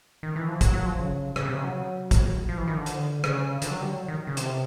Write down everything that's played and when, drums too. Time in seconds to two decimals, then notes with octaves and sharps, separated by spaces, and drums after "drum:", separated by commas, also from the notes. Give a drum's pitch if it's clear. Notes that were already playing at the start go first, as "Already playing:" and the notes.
0.23 D#3
0.36 E3
0.48 F3
0.61 F#3, drum: kick, hi-hat
0.73 F#3
0.86 F3
0.99 C#3
1.36 C#3, drum: rim click
1.45 C3
1.55 C#3
1.64 F#3
2.11 drum: kick, hi-hat
2.49 F3
2.58 E3
2.68 D#3
2.77 D3
2.86 drum: hi-hat
3.24 C#3, drum: rim click
3.62 D3, drum: hi-hat
3.71 F#3
3.81 G3
3.90 F#3
4.08 D#3
4.27 C#3
4.37 C3, drum: hi-hat